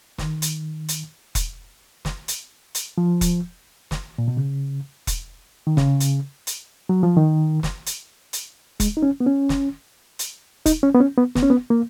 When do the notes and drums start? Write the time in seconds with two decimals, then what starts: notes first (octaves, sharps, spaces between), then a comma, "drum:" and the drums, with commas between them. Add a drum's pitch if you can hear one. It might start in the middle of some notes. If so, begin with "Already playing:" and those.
0.18 D#3, drum: snare
0.42 drum: hi-hat
0.88 drum: hi-hat
1.35 drum: kick E1, hi-hat
2.05 drum: snare
2.28 drum: hi-hat
2.75 drum: hi-hat
2.98 F3
3.21 drum: kick E1, hi-hat
3.91 drum: snare
4.18 A#2
4.28 B2
4.37 C#3
5.07 drum: kick E1, hi-hat
5.67 D#3
5.77 C#3, drum: snare
6.00 drum: hi-hat
6.47 drum: hi-hat
6.89 F#3
7.03 F3
7.17 D#3
7.63 drum: snare
7.86 drum: hi-hat
8.33 drum: hi-hat
8.80 G#3, drum: kick E1, hi-hat
8.97 D#4
9.03 C#4
9.20 B3
9.26 C#4
9.49 drum: snare
10.19 drum: hi-hat
10.66 D#4, drum: kick E1, hi-hat
10.83 C#4
10.94 B3
11.00 C#4
11.18 B3
11.36 B3, drum: snare
11.43 C#4
11.50 B3
11.70 A#3